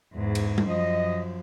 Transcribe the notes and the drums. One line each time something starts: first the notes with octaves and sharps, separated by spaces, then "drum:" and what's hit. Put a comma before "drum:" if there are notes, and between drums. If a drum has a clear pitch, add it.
E2 G#2
drum: cymbal
drum: tom G3
F#2 F3 D#5